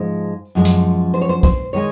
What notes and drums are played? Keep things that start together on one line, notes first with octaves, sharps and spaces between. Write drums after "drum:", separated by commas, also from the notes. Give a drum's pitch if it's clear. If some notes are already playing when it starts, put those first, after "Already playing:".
Already playing: G#2 F3 G#3 C5
F#2 F3 G#3
drum: hi-hat
C5
C#5
C5
C5, drum: kick
D#3 G#3 C#5